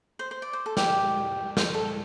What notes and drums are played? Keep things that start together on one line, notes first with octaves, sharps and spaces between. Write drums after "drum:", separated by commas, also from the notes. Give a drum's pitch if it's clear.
C5
C5
D5
C5
A4
G4, drum: snare
C5, drum: snare
A4